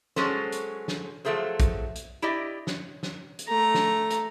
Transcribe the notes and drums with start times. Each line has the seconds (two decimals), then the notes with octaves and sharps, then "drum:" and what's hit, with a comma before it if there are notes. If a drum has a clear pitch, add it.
0.16 F#3 G#3 C#4 G#4 A4 C5, drum: snare
0.52 drum: hi-hat
0.88 drum: snare
1.25 F3 F#3 A3 G#4 C5
1.60 drum: kick A#1, hi-hat
1.95 drum: hi-hat
2.22 E4 G4 D5 D#5
2.67 drum: snare
3.03 drum: snare
3.39 drum: hi-hat
3.49 A3 A#5
3.74 drum: snare
4.10 drum: hi-hat